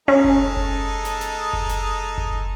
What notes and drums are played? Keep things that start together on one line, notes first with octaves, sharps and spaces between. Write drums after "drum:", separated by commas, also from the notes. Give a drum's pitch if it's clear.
G#3 C#4 D#4 A4
drum: kick F#1
drum: kick F#1
drum: snare
drum: snare
drum: kick F#1
drum: snare
drum: kick F#1